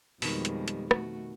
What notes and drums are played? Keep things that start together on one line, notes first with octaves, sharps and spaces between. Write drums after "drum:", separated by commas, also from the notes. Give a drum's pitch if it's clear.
F2 B2 D#3 G3 G#3, drum: open hi-hat
drum: hi-hat
drum: hi-hat
A3 F#4, drum: rim click